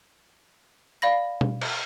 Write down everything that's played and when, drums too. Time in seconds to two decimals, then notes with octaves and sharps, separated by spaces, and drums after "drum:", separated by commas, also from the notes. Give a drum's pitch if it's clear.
1.02 D5 F5 B5 A#6
1.41 drum: tom B2
1.61 drum: cymbal